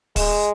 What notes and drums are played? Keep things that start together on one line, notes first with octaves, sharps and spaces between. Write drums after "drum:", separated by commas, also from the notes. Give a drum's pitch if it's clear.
G#3, drum: kick, open hi-hat